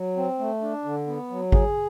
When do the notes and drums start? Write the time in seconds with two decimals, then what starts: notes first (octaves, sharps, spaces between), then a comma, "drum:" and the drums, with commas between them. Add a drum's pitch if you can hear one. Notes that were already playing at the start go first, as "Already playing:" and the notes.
Already playing: F#3
0.17 C4
0.39 A3
0.62 D4
0.84 D3
1.07 B3
1.30 F#3
1.52 G#4, drum: kick G#1